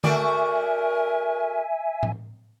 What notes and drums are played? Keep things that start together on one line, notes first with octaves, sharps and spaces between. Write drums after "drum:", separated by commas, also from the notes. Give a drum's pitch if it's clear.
A3 F#4 A#4 D5 E5 G#5, drum: tom D3
drum: tom A2